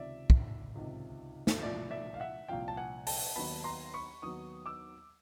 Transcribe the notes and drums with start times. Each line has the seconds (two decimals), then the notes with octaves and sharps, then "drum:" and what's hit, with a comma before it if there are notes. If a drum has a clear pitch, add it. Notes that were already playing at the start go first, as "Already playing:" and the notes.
Already playing: C#2 C3 D#3 D5 E5
0.30 drum: kick
0.75 C#2 C3 D#3
1.47 drum: snare
1.62 C2 A#2 F3 D5 E5
1.91 D5 E5
2.14 F5
2.20 E5 F#5
2.48 C2 A#2 F3 F5 G5
2.68 A5
2.77 F#5 G#5
3.07 G5 A5, drum: open hi-hat
3.36 D#2 D#3 F#3 B3 A5 B5
3.64 A#5 C6
3.94 B5 C#6
4.22 D#2 D#3 F#3 B3 C#6 D#6
4.66 D6 E6